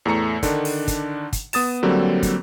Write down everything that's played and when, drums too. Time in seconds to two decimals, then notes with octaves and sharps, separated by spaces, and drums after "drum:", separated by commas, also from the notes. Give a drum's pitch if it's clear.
0.05 E2 A2 A3 A#5 C#7
0.43 D3 D#3 D4, drum: kick, hi-hat
0.65 drum: open hi-hat
0.88 drum: kick, hi-hat
1.33 drum: kick, hi-hat
1.53 B3 D#6 A6 E7, drum: open hi-hat
1.83 D3 F#3 G3 A#3 C4
2.23 drum: kick, hi-hat